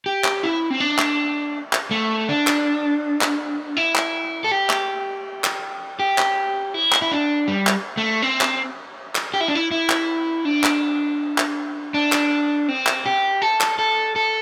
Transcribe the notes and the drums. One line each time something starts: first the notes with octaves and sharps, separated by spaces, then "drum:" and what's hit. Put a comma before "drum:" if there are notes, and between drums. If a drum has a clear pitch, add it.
G4
drum: clap
E4
C4
D4
drum: clap
drum: clap
A3
D4
drum: clap
drum: clap
E4
drum: clap
A4
G4
drum: clap
drum: clap
G4
drum: clap
E4
drum: clap
E4
D4
G3
drum: clap
A3
C4
drum: clap
drum: clap
G4
E4
D4
E4
E4
drum: clap
D4
drum: clap
drum: clap
D4
drum: clap
C4
drum: clap
G4
A4
drum: clap
A4
A4